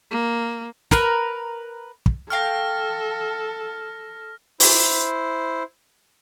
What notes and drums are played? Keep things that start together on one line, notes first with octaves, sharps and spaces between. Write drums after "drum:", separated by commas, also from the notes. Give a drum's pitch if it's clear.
A#3
A#4 B4, drum: snare
drum: kick
A4 F5 G5 C#6 F6 A#6
E4 C5, drum: open hi-hat